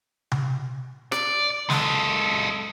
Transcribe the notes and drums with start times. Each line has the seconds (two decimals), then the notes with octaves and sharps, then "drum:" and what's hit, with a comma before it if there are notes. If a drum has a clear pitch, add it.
0.32 drum: tom C3
1.12 D5, drum: rim click
1.70 G#3 A4, drum: snare